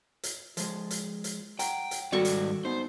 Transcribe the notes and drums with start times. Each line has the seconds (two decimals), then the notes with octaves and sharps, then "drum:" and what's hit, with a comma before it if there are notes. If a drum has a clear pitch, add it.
0.23 drum: hi-hat
0.57 F3 G#3, drum: hi-hat
0.91 drum: hi-hat
1.24 drum: hi-hat
1.59 F#5 G5 A#5, drum: hi-hat
1.91 drum: hi-hat
2.12 D#2 G#2 G3 F#4 A4 D5 C#6
2.25 drum: hi-hat
2.65 B3 D#4 C5